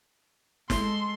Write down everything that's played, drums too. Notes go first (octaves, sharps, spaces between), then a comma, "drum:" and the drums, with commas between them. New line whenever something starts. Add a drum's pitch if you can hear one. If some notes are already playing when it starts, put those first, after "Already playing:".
G#3 A4 C6, drum: snare